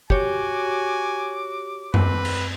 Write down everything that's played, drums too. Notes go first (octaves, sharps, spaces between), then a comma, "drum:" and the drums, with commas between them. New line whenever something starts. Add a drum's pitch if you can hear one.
F#4 G4 C#5 G#5 D6, drum: kick
C4 B4, drum: tom F#2
drum: cymbal